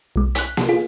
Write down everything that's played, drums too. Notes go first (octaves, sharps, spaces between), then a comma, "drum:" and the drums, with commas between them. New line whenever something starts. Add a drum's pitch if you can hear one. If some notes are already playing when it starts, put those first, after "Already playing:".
B1 G#3
F#6 B6, drum: hi-hat
drum: snare A#3
F4 G#4